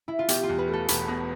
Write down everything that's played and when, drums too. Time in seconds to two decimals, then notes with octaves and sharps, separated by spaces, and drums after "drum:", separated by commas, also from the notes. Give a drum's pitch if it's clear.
0.08 E4
0.19 F4
0.28 B2 G4, drum: hi-hat
0.43 F4
0.49 E2
0.58 B4
0.68 A3
0.73 A4
0.88 E1 B4, drum: hi-hat
1.08 B2